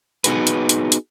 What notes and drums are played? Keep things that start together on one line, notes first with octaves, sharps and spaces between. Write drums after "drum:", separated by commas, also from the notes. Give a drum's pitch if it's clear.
B3 D#4 F#4 G#4 B4, drum: hi-hat
drum: hi-hat
drum: hi-hat
drum: hi-hat